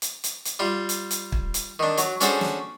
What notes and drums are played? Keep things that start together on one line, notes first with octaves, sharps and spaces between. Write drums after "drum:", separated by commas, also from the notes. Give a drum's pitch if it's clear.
drum: hi-hat
drum: hi-hat
drum: hi-hat
G3 F4
drum: hi-hat
drum: hi-hat
drum: kick
drum: hi-hat
D#3 D4
F#3, drum: hi-hat
C#4 D4 F#4 G#4 A4 C5, drum: hi-hat
drum: snare